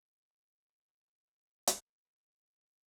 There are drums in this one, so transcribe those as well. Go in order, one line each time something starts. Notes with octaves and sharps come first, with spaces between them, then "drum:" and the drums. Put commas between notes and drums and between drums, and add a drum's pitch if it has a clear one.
G#3
F#3
E3
F#3
C#4
E4
F#4
drum: hi-hat
A#4
B4